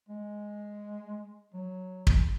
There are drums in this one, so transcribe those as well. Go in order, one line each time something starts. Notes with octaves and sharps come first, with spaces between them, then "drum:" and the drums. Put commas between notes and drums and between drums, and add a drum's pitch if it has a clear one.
G#3
F#3
drum: kick